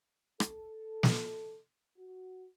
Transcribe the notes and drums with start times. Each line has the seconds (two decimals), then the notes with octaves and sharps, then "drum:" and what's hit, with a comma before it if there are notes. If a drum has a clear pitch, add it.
0.40 A4, drum: rim click
1.03 drum: snare
1.98 F#4